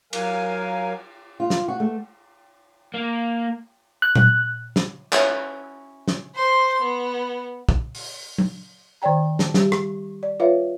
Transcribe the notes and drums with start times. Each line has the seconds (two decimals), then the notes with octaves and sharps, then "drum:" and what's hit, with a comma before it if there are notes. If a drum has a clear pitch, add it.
0.13 F#3 A#4 F5 G#5, drum: cymbal
1.40 F4
1.50 drum: snare
1.68 F#4
1.80 A3
2.94 A#3
4.02 F#6
4.16 drum: tom A#2
4.76 drum: snare
5.13 C#4 E4 F#4, drum: clap
6.08 drum: snare
6.34 C5 C6
6.81 B3
7.69 drum: kick
7.95 drum: open hi-hat
8.38 drum: tom F#3
9.02 D#3 C5 D5 G5 A#5
9.39 A5, drum: snare
9.54 G3 G4, drum: snare
9.72 drum: rim click
10.23 D5
10.40 F4 B4 C#5 E5 F5